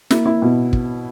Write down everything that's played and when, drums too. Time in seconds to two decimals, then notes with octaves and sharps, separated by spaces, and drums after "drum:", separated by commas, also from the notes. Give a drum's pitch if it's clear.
0.11 A#3 E4, drum: snare
0.26 E4
0.42 B2
0.73 drum: kick